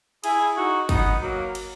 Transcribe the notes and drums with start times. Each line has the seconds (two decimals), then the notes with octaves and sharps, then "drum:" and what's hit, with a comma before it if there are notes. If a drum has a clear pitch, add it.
0.24 E4 G#4, drum: cymbal
0.56 D#4 F#4
0.89 B3 D#4, drum: kick, cymbal
1.22 F#3 A#3
1.55 drum: cymbal